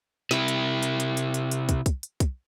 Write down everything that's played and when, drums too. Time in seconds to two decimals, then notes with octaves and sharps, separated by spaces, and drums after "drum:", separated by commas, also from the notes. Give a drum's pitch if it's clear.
0.31 C3 E4, drum: snare
0.48 drum: hi-hat
0.83 drum: hi-hat
1.00 drum: hi-hat
1.17 drum: hi-hat
1.34 drum: hi-hat
1.51 drum: hi-hat
1.69 drum: kick, hi-hat
1.86 drum: kick, hi-hat
2.03 drum: hi-hat
2.20 drum: kick, hi-hat